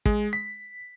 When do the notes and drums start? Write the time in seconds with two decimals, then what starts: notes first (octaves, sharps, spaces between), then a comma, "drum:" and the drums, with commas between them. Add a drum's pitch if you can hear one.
0.06 G#3, drum: kick
0.33 B6